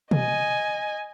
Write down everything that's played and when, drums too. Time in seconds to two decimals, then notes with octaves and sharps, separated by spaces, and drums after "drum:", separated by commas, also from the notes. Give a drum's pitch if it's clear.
0.11 D#5 G#5, drum: tom B2